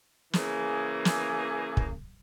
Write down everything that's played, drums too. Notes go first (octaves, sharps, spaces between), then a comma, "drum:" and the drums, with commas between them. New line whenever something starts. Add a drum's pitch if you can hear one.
C#3 E3 A#3 G#4, drum: snare
drum: snare
drum: kick